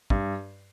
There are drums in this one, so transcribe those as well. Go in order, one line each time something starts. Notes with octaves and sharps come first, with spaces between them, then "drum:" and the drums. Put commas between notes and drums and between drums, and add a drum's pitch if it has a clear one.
G2, drum: kick